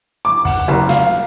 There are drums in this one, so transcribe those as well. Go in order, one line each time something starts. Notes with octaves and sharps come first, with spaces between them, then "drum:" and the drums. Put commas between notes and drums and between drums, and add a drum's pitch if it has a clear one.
D6
F#5, drum: kick, open hi-hat
F#1
F5, drum: snare